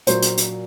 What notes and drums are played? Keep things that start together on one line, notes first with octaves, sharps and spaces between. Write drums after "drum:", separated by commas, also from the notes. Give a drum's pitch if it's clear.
A#2 F#3 C5, drum: hi-hat
drum: hi-hat
drum: hi-hat